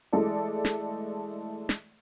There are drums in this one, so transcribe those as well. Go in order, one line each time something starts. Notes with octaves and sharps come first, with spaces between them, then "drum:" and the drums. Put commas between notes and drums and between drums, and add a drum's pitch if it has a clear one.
E3 G#3 A3 A4 D5
drum: snare
drum: snare